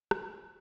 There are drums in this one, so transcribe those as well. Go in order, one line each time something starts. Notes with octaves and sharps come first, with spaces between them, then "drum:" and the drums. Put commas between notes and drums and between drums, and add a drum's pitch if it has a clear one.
A3 G#5, drum: rim click
B3
F#3